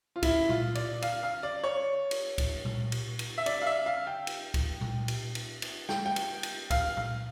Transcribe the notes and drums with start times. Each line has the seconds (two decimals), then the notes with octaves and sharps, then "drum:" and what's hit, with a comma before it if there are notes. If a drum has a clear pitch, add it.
0.16 F4
0.23 E4, drum: kick C#2, cymbal
0.49 F4, drum: tom A#2
0.75 D5, drum: cymbal
1.02 F5, drum: cymbal
1.23 F5
1.43 D5
1.64 C#5
2.11 drum: cymbal
2.38 drum: kick C#2, cymbal
2.65 drum: tom A#2
2.92 drum: cymbal
3.19 drum: cymbal
3.38 E5
3.46 D5, drum: cymbal
3.62 F5
3.66 E5
3.86 F5
4.07 G5
4.27 drum: cymbal
4.54 drum: kick C#2, cymbal
4.81 drum: tom A#2
5.08 drum: cymbal
5.35 drum: cymbal
5.62 drum: cymbal
5.89 G5, drum: snare
6.06 G5
6.16 drum: cymbal
6.43 drum: cymbal
6.70 F5, drum: kick C#2, cymbal
6.97 F5, drum: tom A#2